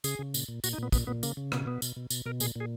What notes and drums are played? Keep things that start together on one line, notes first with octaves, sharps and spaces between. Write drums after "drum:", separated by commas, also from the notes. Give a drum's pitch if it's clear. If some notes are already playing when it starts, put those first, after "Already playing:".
C#3 G#4, drum: tambourine
C#3
A#2, drum: tambourine
A#2
A#2 F#4, drum: tambourine
D#4
A#2 B3
A#2 B3, drum: kick, tambourine
A#2 B3
C#3 A#3, drum: tambourine
C#3
B2 B3, drum: rim click
B2 B3
B2, drum: tambourine
B2
B2, drum: tambourine
B2 A#4
A#2 G#4, drum: tambourine
A#2 G#4